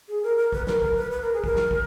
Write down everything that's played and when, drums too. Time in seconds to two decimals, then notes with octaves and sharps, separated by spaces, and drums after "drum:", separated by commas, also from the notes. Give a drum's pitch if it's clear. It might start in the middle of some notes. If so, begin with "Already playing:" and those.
0.08 G#4
0.23 A#4
0.37 A#4
0.52 B4, drum: kick
0.67 A#4, drum: snare
0.82 A#4, drum: kick
0.97 B4
1.11 B4
1.22 A#4
1.34 G#4
1.44 A#4, drum: kick
1.56 drum: snare
1.71 drum: kick